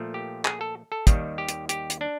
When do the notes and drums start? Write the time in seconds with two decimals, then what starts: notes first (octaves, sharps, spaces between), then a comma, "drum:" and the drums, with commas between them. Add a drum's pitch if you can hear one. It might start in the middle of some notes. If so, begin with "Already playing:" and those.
Already playing: A#2 F3 A3
0.14 G4
0.45 G#4, drum: clap
0.61 A4
0.92 A4
1.07 D#2 D#3 G3, drum: kick, hi-hat
1.38 G4
1.49 drum: hi-hat
1.69 G4, drum: hi-hat
1.90 drum: hi-hat
2.01 D4